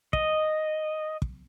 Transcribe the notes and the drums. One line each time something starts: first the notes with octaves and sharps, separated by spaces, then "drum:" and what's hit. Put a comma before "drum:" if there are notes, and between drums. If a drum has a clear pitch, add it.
D#5, drum: kick
drum: kick